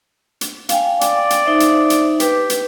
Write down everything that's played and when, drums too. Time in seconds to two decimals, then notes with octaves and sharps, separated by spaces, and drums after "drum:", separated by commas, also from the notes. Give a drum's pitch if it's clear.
0.41 drum: hi-hat
0.69 F5 G5 G#5, drum: hi-hat
1.01 D5, drum: hi-hat
1.30 drum: hi-hat
1.46 D#4 C5 E5
1.60 drum: hi-hat
1.90 drum: hi-hat
2.20 G4 B4, drum: hi-hat
2.50 drum: hi-hat